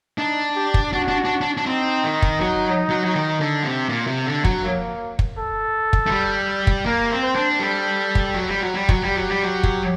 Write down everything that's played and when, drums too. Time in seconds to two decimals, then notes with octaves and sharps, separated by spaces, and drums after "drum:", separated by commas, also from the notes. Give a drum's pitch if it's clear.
0.18 D4 D#4
0.56 G4
0.74 drum: kick
0.93 D4 F#4
1.08 D4
1.25 D4
1.41 D4
1.57 D4
1.66 C4 D#4
2.04 D#3
2.22 drum: kick
2.41 F#3
2.90 F#3
3.05 F#3
3.15 D#3
3.40 D3
3.64 C3
3.89 A#2
4.07 C3
4.26 D3
4.45 F#3, drum: kick
4.63 A#3
5.19 drum: kick
5.38 A4
5.93 drum: kick
6.07 A3
6.11 G3
6.67 drum: kick
6.86 A#3 A#4
7.10 C4
7.22 C5
7.36 D4
7.59 G3 A4
8.15 drum: kick
8.34 F#3
8.48 G3
8.60 F#3
8.74 G3
8.89 F#3, drum: kick
9.02 G3
9.08 G4
9.15 F#3
9.29 G3
9.43 F#3
9.64 drum: kick